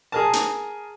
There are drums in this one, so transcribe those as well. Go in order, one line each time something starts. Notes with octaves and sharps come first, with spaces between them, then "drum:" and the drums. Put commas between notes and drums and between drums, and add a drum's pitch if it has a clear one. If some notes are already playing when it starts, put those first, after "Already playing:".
G#4 A#4 A5
drum: hi-hat